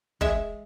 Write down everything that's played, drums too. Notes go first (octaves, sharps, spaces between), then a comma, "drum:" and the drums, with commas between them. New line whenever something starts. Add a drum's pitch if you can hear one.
G#3 E5, drum: kick